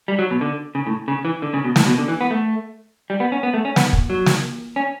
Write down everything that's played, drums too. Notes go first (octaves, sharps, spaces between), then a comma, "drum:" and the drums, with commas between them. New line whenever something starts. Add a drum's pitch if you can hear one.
G3
F#3
B2
D3
C#3
A2
C#3
E3
D3
C#3
B2
A2, drum: snare
B2
D3
E3
B3
A3
G3
B3
C#4
B3
A3
C#4
B3, drum: snare
drum: kick
F#3
drum: snare
C#4